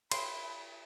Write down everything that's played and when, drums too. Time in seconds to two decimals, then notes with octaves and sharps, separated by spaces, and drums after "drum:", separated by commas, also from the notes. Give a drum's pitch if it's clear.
0.11 B5 C6, drum: cymbal